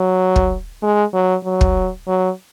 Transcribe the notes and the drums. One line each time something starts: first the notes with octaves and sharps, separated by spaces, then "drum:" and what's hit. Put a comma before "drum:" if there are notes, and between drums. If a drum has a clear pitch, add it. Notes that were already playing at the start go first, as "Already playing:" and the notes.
Already playing: F#3
drum: kick
G#3
F#3
F#3
drum: kick
F#3